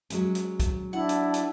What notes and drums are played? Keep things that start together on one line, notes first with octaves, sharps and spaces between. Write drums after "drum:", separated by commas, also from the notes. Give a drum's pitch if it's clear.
F#3 G#3 C#4, drum: hi-hat
drum: hi-hat
drum: kick, hi-hat
D4 E4 F#5
drum: hi-hat
drum: hi-hat